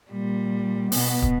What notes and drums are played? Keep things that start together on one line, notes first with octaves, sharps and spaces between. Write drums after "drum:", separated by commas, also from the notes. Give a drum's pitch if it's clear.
A#2 G3
B2 B3, drum: open hi-hat
drum: kick